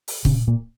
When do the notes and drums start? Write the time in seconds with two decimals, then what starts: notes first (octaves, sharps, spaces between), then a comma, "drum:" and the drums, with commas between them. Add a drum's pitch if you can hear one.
0.08 drum: open hi-hat
0.25 A#2 C#3 C#4, drum: kick
0.47 A#2 A#3